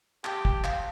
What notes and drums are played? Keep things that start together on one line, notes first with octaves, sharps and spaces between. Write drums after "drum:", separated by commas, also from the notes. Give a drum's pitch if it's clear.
G4 A5, drum: clap
G5, drum: kick
F5, drum: clap